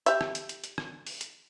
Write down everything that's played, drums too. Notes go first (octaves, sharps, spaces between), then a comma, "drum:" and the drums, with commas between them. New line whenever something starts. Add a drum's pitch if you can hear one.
G4 E5, drum: hi-hat
drum: rim click
drum: hi-hat
drum: hi-hat
drum: hi-hat
drum: rim click
drum: open hi-hat
drum: hi-hat